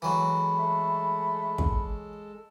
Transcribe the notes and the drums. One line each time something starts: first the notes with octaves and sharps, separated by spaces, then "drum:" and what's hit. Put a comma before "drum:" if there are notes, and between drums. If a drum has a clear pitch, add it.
E3 F#3 G#3 A4 B5
A3
drum: kick